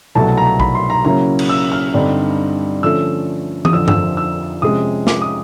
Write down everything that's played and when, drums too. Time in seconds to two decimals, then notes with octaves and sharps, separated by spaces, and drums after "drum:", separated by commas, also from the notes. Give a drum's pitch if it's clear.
0.15 C2 B2 F#3 A3 A5
0.38 A#5
0.60 B5, drum: kick A#1
0.75 C6
0.90 A#5
1.05 C#3 F#3 A#3 C#4 E4 A#5
1.39 drum: cymbal
1.49 E6
1.72 F6
1.94 G2 D3 G3 C4 D#4
2.83 D3 F3 A3 C#4 E6
3.65 D#6, drum: tom
3.73 F2 D3 F3 E6
3.88 E6, drum: tom G2
4.17 E6
4.62 C3 F3 G#3 C#4 D#6
5.07 D6, drum: snare
5.22 D#6